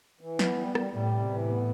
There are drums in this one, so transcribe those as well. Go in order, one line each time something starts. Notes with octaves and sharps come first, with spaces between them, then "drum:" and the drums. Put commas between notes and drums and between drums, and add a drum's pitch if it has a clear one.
E3
B3, drum: snare
G3
G3, drum: rim click
A2 G3
C3
A2 E3
B3